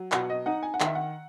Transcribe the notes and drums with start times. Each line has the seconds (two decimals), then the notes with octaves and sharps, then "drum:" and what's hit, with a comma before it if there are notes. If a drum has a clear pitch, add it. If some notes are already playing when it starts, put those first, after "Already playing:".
Already playing: F#3
0.12 B2 F#5, drum: clap
0.30 D#5
0.46 D#4 F#5
0.63 G#5
0.74 F#5
0.80 D#3 E5, drum: clap
0.95 F#5